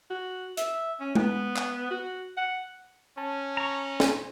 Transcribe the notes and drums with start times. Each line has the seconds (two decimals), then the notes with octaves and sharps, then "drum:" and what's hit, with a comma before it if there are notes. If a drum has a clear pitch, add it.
0.10 F#4
0.57 E5, drum: hi-hat
1.00 C#4
1.15 B3, drum: tom G#3
1.56 drum: clap
1.90 F#4
2.37 F#5
3.18 C#4 A5
3.57 A#5 C#6
4.00 F4 C5, drum: snare